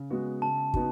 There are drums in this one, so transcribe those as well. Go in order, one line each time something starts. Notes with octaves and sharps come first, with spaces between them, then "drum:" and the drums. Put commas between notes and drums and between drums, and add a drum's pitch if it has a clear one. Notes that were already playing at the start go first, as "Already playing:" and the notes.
Already playing: C#3
G#3 B3 F#4
C#3 A5
B3 D#4 F#4, drum: kick